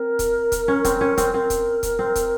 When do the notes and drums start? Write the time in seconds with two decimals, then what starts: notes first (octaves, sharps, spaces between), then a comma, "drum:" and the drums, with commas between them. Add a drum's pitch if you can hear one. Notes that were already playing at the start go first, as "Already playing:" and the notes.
Already playing: C4 A#4
0.19 drum: kick, hi-hat
0.52 drum: kick, hi-hat
0.68 C#4
0.85 C4, drum: kick, hi-hat
1.01 C#4
1.18 C4, drum: kick, hi-hat
1.34 C4 A#4
1.50 drum: kick, hi-hat
1.83 drum: kick, hi-hat
1.99 C4
2.15 drum: kick, hi-hat